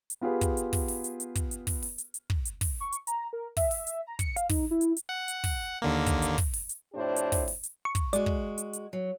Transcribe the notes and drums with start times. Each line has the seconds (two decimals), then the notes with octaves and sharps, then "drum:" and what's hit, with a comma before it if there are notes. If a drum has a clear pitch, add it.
0.10 drum: hi-hat
0.21 B3 F4 G4 G#4 B4
0.41 drum: kick, hi-hat
0.57 drum: hi-hat
0.73 drum: kick, open hi-hat
0.88 drum: open hi-hat
1.04 drum: hi-hat
1.20 drum: hi-hat
1.35 drum: kick, hi-hat
1.51 drum: hi-hat
1.67 drum: kick, open hi-hat
1.83 drum: open hi-hat
1.98 drum: hi-hat
2.14 drum: hi-hat
2.30 drum: kick
2.45 drum: hi-hat
2.61 drum: kick, open hi-hat
2.80 C#6
2.92 drum: hi-hat
3.07 A#5, drum: hi-hat
3.33 A#4
3.57 E5, drum: kick, open hi-hat
3.71 drum: open hi-hat
3.87 drum: hi-hat
4.07 A#5
4.19 C#7, drum: kick, hi-hat
4.36 F5, drum: hi-hat
4.49 D#4, drum: kick, open hi-hat
4.71 E4
4.81 drum: hi-hat
4.97 drum: hi-hat
5.09 F#5
5.28 drum: hi-hat
5.44 drum: kick, open hi-hat
5.82 D#2 D3 A#3
6.06 drum: kick, hi-hat
6.22 drum: hi-hat
6.38 drum: kick, open hi-hat
6.54 drum: open hi-hat
6.69 drum: hi-hat
6.93 F2 A2 D4 G4 C5
7.16 drum: hi-hat
7.32 drum: kick, open hi-hat
7.48 drum: open hi-hat
7.63 drum: hi-hat
7.85 C#6
7.95 drum: kick, hi-hat
8.13 G#3 F#4 D5, drum: hi-hat
8.26 drum: kick
8.58 drum: hi-hat
8.73 drum: hi-hat
8.93 F#3